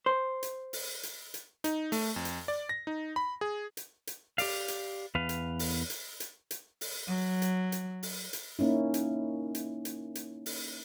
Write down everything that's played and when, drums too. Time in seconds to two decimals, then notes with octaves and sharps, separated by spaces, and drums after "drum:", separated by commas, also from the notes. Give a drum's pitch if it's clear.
0.06 C5
0.43 drum: hi-hat
0.73 drum: open hi-hat
1.03 drum: hi-hat
1.34 drum: hi-hat
1.64 D#4, drum: hi-hat
1.92 A3, drum: open hi-hat
2.16 F2
2.25 drum: hi-hat
2.48 D5
2.69 A#6
2.87 D#4
3.16 B5
3.41 G#4
3.77 drum: hi-hat
4.07 drum: hi-hat
4.38 G4 D5 F5, drum: open hi-hat
4.68 drum: hi-hat
5.15 E2 B4 F5
5.29 drum: hi-hat
5.59 drum: open hi-hat
5.90 drum: hi-hat
6.20 drum: hi-hat
6.51 drum: hi-hat
6.81 drum: open hi-hat
7.07 F#3
7.42 drum: hi-hat
7.72 drum: hi-hat
8.03 drum: open hi-hat
8.33 drum: hi-hat
8.59 A#3 C#4 D#4 E4
8.94 drum: hi-hat
9.55 drum: hi-hat
9.85 drum: hi-hat
10.15 drum: hi-hat
10.46 drum: open hi-hat